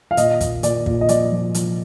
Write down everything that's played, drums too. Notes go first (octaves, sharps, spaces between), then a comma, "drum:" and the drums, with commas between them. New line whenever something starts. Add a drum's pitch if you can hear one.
F5
A#2 D#5, drum: hi-hat
A#2, drum: kick, hi-hat
A#2 D5, drum: hi-hat
A#2, drum: kick
D#5
F3 D5, drum: hi-hat
F3
F3, drum: hi-hat